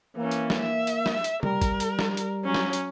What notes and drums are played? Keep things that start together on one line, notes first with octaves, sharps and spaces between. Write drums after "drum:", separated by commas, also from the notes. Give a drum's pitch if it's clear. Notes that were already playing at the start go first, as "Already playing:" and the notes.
E3 A#3 C#4
drum: hi-hat
drum: snare
E5
drum: hi-hat
drum: snare
drum: hi-hat
G3 A#4, drum: tom C3
drum: kick, hi-hat
drum: hi-hat
drum: snare
drum: hi-hat
F#3 C#4
drum: snare
drum: hi-hat